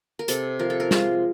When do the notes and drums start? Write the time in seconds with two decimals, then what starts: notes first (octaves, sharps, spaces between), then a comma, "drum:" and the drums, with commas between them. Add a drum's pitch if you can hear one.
0.19 A#4
0.28 C3 A4, drum: hi-hat
0.59 F3 A#4
0.70 A4
0.80 A#4
0.91 G#3 F4, drum: snare